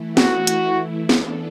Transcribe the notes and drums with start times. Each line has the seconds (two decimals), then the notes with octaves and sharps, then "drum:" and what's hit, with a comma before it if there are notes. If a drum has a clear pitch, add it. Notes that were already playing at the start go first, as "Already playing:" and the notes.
Already playing: E3 A3 E4
0.17 F#4, drum: snare
0.47 drum: hi-hat
1.09 E3 B3 D4 A4, drum: snare